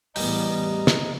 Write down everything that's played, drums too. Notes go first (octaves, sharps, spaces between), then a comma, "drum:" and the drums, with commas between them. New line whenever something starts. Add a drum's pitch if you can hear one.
E2 A2 G3 B3 D#5 A#5 G6, drum: open hi-hat
drum: snare